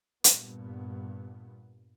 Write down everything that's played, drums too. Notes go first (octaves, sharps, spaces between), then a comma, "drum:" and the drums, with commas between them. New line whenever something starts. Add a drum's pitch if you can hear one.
G2 A#2 B3, drum: hi-hat